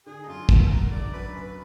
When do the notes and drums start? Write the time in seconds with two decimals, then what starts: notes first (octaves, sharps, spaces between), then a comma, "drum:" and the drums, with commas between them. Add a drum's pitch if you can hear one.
0.06 D3 G#4
0.23 D#4
0.27 F#2 F4
0.49 F#2, drum: kick
0.70 F#3 A#4
0.91 D3 D5
1.13 F#2 B4
1.35 F#2 B4